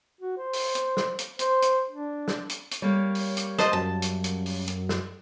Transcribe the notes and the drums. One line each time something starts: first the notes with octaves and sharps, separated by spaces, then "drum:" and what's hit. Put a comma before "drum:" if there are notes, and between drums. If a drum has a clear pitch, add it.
F#4
C5
drum: open hi-hat
drum: hi-hat
drum: snare
drum: hi-hat
C5, drum: hi-hat
drum: hi-hat
D4
drum: snare
drum: hi-hat
drum: hi-hat
G3 A#3 C#5
drum: open hi-hat
drum: hi-hat
C5 D#5 A5, drum: snare
F#2 A5
drum: hi-hat
drum: hi-hat
drum: open hi-hat
drum: hi-hat
drum: snare